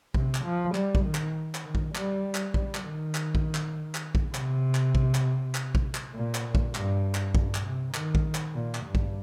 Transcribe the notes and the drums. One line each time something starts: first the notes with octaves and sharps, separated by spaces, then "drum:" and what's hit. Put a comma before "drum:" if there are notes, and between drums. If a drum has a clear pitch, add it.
C3, drum: kick A#1
drum: clap
F3
G3, drum: clap
drum: kick A#1
D#3
drum: clap
drum: clap
D#3
drum: kick A#1
G3, drum: clap
drum: clap
G3, drum: kick A#1
drum: clap
D#3
drum: clap
drum: kick A#1
drum: clap
drum: clap
drum: kick A#1
C3, drum: clap
drum: clap
drum: kick A#1
drum: clap
drum: clap
drum: kick A#1
drum: clap
A#2
drum: clap
drum: kick A#1
G2, drum: clap
drum: clap
G2, drum: kick A#1
drum: clap
C3
D#3, drum: clap
drum: kick A#1
drum: clap
A#2
drum: clap
G2
drum: kick A#1